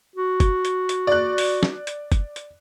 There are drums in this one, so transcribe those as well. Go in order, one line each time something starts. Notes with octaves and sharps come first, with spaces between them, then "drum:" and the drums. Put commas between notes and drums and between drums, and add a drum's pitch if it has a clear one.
F#4
drum: kick, hi-hat
drum: hi-hat
drum: hi-hat
D5 F#6
drum: open hi-hat
drum: snare
drum: hi-hat
drum: kick, hi-hat
drum: hi-hat